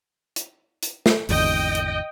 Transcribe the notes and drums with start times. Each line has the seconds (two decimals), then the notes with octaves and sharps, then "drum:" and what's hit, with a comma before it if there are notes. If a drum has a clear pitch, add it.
0.36 drum: hi-hat
0.83 drum: hi-hat
1.06 drum: snare
1.29 G#1 E2 D3 D#5 G5, drum: open hi-hat
1.75 drum: hi-hat